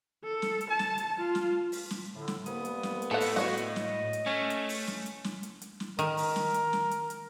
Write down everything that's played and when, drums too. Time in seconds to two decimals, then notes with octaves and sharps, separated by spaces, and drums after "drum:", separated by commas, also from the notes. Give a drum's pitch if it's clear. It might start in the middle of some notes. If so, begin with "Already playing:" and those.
0.24 A4
0.42 drum: snare
0.61 drum: hi-hat
0.70 A5
0.79 drum: snare
0.98 drum: hi-hat
1.20 F4
1.35 drum: snare
1.72 drum: open hi-hat
1.91 drum: snare
2.14 A2 D3
2.28 drum: snare
2.46 C2 A#3 B3 D#6, drum: hi-hat
2.65 drum: hi-hat
2.83 drum: snare
3.02 drum: hi-hat
3.11 A2 A4 F#5
3.20 drum: open hi-hat
3.36 F#4 C#5 D#5 F#5, drum: snare
3.57 drum: hi-hat
3.76 drum: snare
4.13 drum: hi-hat
4.26 A3 C#4
4.50 drum: hi-hat
4.69 drum: open hi-hat
4.87 drum: snare
5.06 drum: hi-hat
5.24 drum: snare
5.43 drum: hi-hat
5.62 drum: hi-hat
5.80 drum: snare
5.99 D#3 A#4, drum: hi-hat
6.17 drum: open hi-hat
6.36 drum: snare
6.54 drum: hi-hat
6.73 drum: snare
6.91 drum: hi-hat
7.10 drum: hi-hat